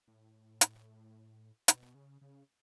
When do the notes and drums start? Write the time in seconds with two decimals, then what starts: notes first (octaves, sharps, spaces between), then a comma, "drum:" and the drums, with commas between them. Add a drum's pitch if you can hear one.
0.08 A2
0.61 drum: hi-hat
1.68 B2, drum: hi-hat
1.95 C#3
2.21 C#3